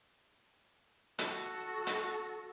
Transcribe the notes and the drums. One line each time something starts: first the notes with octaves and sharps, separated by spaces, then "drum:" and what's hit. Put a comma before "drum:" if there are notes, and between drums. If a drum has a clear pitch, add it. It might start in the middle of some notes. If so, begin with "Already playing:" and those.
F#4 A4, drum: hi-hat
drum: hi-hat